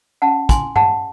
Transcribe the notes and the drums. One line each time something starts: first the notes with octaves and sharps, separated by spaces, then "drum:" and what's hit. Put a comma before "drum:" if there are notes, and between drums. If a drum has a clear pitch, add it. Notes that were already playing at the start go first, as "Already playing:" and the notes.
C#4 F#5 A5
E4 G#5 C6, drum: kick, hi-hat
G#4 F#5 A5, drum: tom G2